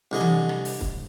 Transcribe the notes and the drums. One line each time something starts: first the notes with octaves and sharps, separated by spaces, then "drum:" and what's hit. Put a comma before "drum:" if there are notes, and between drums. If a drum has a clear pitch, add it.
C2 D3 D#5 G#5
drum: tom E3
drum: rim click
drum: open hi-hat
drum: kick